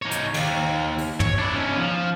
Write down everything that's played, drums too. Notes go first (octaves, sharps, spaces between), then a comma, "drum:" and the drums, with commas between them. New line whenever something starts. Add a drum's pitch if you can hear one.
D#4 C#5
drum: hi-hat
D#2, drum: cymbal
drum: open hi-hat
C#5, drum: tom
D4 E4
C#4 D#4
F3